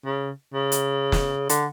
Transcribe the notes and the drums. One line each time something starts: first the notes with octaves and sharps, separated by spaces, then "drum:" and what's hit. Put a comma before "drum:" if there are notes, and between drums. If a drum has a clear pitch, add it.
C#3
C#3
drum: hi-hat
drum: snare
D3, drum: hi-hat